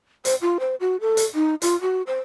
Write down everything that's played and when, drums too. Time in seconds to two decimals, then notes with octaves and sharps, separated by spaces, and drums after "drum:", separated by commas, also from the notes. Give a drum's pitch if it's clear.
0.25 C5, drum: hi-hat
0.41 F4
0.60 C5
0.80 F#4
1.01 A4
1.17 drum: hi-hat
1.34 D#4
1.62 F4, drum: hi-hat
1.81 F#4
2.07 C5